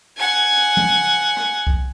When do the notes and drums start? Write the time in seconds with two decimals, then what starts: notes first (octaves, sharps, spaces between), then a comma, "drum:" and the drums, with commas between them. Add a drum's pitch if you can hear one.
0.17 F#5 G#5
0.77 drum: tom
1.37 drum: rim click
1.67 drum: kick B1